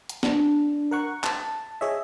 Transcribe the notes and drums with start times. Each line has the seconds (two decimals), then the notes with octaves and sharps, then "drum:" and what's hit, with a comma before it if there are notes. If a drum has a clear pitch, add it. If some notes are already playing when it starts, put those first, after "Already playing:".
0.09 drum: hi-hat
0.23 D4, drum: snare
0.91 A#4 F#5 C#6
1.24 A5, drum: clap
1.81 G#4 C#5 D#5 E5